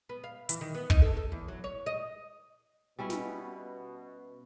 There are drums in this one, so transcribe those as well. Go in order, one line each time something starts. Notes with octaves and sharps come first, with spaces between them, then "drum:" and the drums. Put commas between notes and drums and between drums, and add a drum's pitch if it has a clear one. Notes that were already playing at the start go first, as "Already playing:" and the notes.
B3
F5
E3, drum: hi-hat
D#3
B3
D#4, drum: kick
A4
A4
E2
F#3
C#5
D#5
B2 G3 C#4 E4
drum: snare